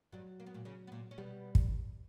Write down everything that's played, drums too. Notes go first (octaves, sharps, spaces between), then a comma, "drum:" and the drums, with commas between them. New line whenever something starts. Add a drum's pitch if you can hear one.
G2 F#3 G3
A#3
B3
A#2 A#3
C#3 C#4
B3
A#2 A#3
C#4
B2 G3 B3
drum: kick